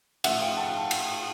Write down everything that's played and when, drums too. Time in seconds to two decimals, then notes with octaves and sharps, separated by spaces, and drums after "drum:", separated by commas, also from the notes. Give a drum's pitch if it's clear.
0.24 A2 F3 E5 F#5, drum: cymbal
0.41 F5 G5
0.57 A5
0.91 drum: cymbal